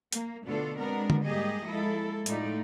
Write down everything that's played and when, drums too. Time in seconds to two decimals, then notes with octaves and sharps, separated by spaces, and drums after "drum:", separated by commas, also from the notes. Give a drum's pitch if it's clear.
0.13 A#3, drum: hi-hat
0.45 B2 D3 A3 D4 F4 A4
0.79 G#3 B3 C4 D4 A#4
1.10 drum: tom D3
1.25 G#2 G3 A#3 G4 G#4 D#5
1.65 F3 G#3 A#3 E4 A4
2.26 A2 G#3 A3 D#4 F4 D5, drum: hi-hat